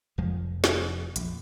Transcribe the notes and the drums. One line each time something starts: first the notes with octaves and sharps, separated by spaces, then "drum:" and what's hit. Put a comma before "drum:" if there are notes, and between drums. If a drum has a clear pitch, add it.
F1 F2 F3 G#3
drum: snare
A#1 F2, drum: hi-hat